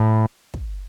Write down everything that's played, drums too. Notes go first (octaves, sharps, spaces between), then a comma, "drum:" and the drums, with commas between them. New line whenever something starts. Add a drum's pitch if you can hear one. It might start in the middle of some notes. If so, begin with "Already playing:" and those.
Already playing: A2
drum: kick